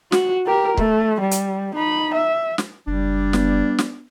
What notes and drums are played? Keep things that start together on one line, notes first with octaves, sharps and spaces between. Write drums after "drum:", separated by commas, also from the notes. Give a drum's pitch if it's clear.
F#4, drum: snare
G4 A#4
A3, drum: kick
G3
drum: hi-hat
D#4 B5
E5
drum: snare
F#1 G3 D4
B3, drum: snare
drum: snare